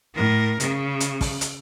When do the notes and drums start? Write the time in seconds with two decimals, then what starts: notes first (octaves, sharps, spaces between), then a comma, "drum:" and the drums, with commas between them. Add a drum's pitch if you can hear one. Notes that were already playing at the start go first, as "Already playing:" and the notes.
0.15 A2 A#4
0.60 C#3, drum: hi-hat
1.00 drum: hi-hat
1.21 drum: kick, open hi-hat
1.41 drum: hi-hat